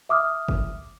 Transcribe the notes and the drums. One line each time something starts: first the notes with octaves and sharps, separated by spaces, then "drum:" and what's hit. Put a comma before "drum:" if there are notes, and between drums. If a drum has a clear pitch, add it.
E5 D6 D#6 F6
drum: kick F#1